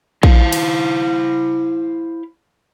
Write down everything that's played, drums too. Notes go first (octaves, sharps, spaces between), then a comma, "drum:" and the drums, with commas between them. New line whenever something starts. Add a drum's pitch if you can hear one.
E4 C5 F5, drum: kick A#1
drum: cymbal